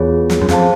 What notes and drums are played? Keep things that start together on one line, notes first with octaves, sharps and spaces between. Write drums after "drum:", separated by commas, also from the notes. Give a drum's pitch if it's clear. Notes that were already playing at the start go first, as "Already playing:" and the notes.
Already playing: E2 F4 G#4 C#5
drum: snare
F#2
F2 G#4 C5 F5 A5, drum: snare